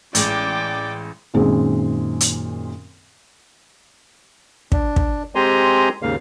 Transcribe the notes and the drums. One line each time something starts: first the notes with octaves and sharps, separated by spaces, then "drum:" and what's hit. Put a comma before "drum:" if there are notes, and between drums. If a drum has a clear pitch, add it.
A1 G#3 D5 G5 D6, drum: hi-hat
F#2 A#2 D#3 G#3 C4
drum: hi-hat
D4, drum: kick
drum: kick
G#3 C4 G4 G#5 A#5 C6
D#2 G#2 C#3 A#3 F5